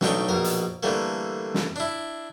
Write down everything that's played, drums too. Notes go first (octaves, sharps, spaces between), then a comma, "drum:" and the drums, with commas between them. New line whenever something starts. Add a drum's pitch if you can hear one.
B1 A2 D4 D#4 G5 C#6, drum: snare
A#1 B2 A#4
drum: hi-hat
D3 E3 G3 A3 A#3
drum: snare
D4 E4